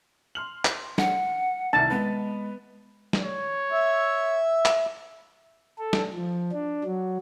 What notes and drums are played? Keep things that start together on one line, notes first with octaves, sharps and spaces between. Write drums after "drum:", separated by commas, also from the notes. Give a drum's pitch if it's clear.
C6 F6 F#7
drum: clap
F#5, drum: snare
C2 C3 D#3 A5
G#3 B3 B4
drum: snare
C#5
E5
drum: clap
A4
drum: snare
F3
D4
F#3